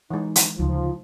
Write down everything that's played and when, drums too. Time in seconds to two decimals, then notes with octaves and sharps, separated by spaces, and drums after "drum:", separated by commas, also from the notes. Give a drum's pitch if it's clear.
0.11 E3 G#3 D#4
0.36 drum: hi-hat
0.58 D2 C#3 F3 D#4